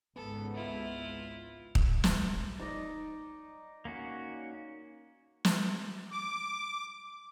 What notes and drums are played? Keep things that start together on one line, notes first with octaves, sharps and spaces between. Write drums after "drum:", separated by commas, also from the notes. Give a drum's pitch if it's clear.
G#1 C#2 G#2 B3 A4
E4 F4
drum: kick
drum: snare
D#4 D5 D#5
A#3 C#4 F#4
drum: snare
D6